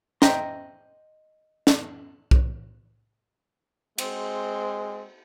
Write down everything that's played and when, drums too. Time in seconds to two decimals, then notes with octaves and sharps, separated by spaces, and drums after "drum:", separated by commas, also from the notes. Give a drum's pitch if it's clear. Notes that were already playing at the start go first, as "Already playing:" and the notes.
0.22 C5 D#5 E5 G5 A#5 C6, drum: snare
1.67 drum: snare
2.31 drum: kick B1
3.98 G#3 C4, drum: cymbal